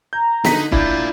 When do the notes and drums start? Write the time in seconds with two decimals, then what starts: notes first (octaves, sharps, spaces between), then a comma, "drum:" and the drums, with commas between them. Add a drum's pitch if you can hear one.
0.13 A#5 G6
0.45 D3 D#4 B6, drum: snare
0.72 D4 E4 F4 D5 G6, drum: kick C#1